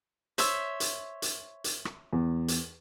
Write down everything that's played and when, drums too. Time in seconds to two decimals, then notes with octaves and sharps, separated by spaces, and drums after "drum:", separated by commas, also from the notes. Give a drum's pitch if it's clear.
0.38 C5 C#5 E5, drum: hi-hat
0.80 drum: hi-hat
1.22 drum: hi-hat
1.64 drum: hi-hat
1.85 drum: rim click
2.13 E2
2.48 drum: hi-hat